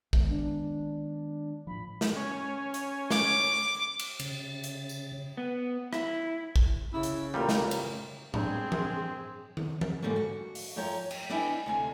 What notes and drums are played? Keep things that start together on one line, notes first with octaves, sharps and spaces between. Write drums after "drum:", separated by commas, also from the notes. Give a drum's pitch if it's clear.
D#3 G#3 B3, drum: kick
D4
A2 F3 B5
drum: snare
C#4
drum: hi-hat
D6, drum: snare
drum: cymbal
C#3 A6, drum: cymbal
drum: hi-hat
drum: tambourine
B3
E4, drum: rim click
drum: kick
C#3 E4
drum: hi-hat
A1 A#2 G3 A#4
drum: snare
drum: cymbal
G2 C4 D4 G#4 C6, drum: tom A2
drum: tom E3
drum: tom D#3
drum: tom E3
F2 G#2 D3 G3 A3 A#3
F#4
drum: open hi-hat
F#2 F3 C#5 G5 A#5
G5, drum: cymbal
B3 D4 E4 D#5 G5 G#5
D2 C3 G#5